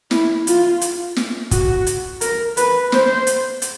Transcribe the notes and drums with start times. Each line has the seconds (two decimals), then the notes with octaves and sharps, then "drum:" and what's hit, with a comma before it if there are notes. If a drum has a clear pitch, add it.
0.11 E4, drum: snare
0.47 F4, drum: hi-hat
0.81 drum: hi-hat
1.16 drum: snare
1.51 F#4, drum: kick, hi-hat
1.87 drum: hi-hat
2.21 A#4, drum: hi-hat
2.57 B4, drum: hi-hat
2.92 C5, drum: snare
3.27 drum: hi-hat
3.62 drum: hi-hat